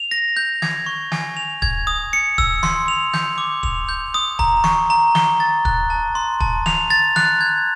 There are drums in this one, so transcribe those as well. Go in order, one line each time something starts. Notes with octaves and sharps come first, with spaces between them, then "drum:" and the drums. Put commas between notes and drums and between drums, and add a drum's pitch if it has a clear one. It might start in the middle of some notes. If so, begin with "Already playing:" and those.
Already playing: F7
A#6
G6
G#6, drum: snare
C#6
G#5, drum: snare
F7
G#6, drum: kick
D#6
C#7
E6, drum: kick
C6, drum: snare
F7
G6, drum: snare
D6
F7, drum: kick
G6
D#6
A#5, drum: kick
C#6, drum: snare
A#5
G7, drum: snare
A6
F#6, drum: kick
A5
C6
A5, drum: kick
F7, drum: snare
A6
F#6, drum: snare
G#6